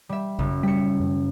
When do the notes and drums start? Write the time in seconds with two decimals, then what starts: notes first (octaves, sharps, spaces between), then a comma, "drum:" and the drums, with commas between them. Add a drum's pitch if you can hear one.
0.09 G3 E5
0.39 F#1, drum: kick A1
0.63 G3 B6 C#7
1.00 drum: tom F#2